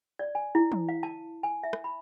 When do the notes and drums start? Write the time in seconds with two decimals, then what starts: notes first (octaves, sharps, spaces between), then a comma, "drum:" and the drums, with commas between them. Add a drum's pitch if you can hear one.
0.19 D5
0.35 G#5
0.55 E4
0.72 drum: tom E3
0.89 F5
1.03 A5
1.43 G#5
1.63 E5
1.73 drum: rim click
1.84 B5